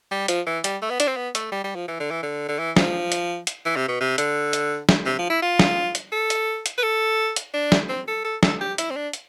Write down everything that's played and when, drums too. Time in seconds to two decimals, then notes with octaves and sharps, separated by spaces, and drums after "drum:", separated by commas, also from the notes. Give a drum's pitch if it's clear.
0.11 G3
0.28 F3, drum: hi-hat
0.46 E3
0.64 G3, drum: hi-hat
0.82 A3
0.91 B3
1.00 D4, drum: hi-hat
1.08 C4
1.16 B3
1.35 A3, drum: hi-hat
1.52 G3
1.64 G3
1.75 F3
1.88 E3
2.00 D3
2.11 E3
2.23 D3
2.49 D3
2.59 E3
2.76 F3, drum: snare
3.12 drum: hi-hat
3.47 drum: hi-hat
3.65 E3
3.76 C3
3.88 B2
4.01 C3
4.18 D3, drum: hi-hat
4.53 drum: hi-hat
4.89 drum: snare
5.06 C3
5.19 F3
5.30 E4
5.42 F4
5.59 drum: snare
5.95 drum: hi-hat
6.12 A4
6.30 drum: hi-hat
6.66 drum: hi-hat
6.78 B4
6.83 A4
7.36 drum: hi-hat
7.54 D4
7.72 drum: snare
7.89 C4
8.08 A4
8.24 A4
8.43 A4, drum: snare
8.61 G4
8.78 E4, drum: hi-hat
8.90 C4
8.96 D4
9.13 drum: hi-hat